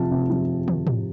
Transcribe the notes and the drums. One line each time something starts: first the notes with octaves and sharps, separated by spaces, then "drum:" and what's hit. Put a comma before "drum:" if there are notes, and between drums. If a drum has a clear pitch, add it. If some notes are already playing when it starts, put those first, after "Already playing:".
Already playing: C3 F3 A5
C3
F3
drum: tom
drum: tom